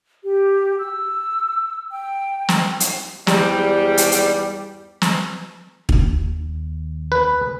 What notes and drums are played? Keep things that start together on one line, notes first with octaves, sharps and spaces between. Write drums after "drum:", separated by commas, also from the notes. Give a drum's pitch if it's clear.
G4
E6
G5
drum: snare
drum: hi-hat
E2 G#2 G3, drum: snare
drum: hi-hat
drum: hi-hat
drum: snare
D#2, drum: kick
B4